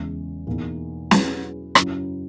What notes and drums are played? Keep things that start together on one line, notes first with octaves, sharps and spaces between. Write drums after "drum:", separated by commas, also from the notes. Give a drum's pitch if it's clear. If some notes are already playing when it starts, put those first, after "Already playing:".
Already playing: E2 C#3 G#3
E2 B2 A#3 D#4
F#3 C#4 E4 G#4 B4, drum: snare
F#2 C#3 F#3 C#4 E4, drum: rim click